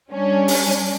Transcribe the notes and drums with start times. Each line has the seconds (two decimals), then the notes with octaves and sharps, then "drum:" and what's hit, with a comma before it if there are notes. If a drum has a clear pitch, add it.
0.11 G3 C#4 D4
0.48 drum: open hi-hat